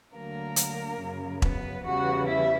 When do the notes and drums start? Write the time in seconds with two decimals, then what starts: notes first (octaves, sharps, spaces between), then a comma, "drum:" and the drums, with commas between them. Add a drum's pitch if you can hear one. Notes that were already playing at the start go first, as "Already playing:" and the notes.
0.15 D2 D3 F#3 A#3 A#4
0.56 drum: hi-hat
1.00 F#2 C#3 F#3
1.42 B3 B4, drum: kick E1
1.84 E2 C#3 E3 G3 F#4 F#5
2.27 E4 E5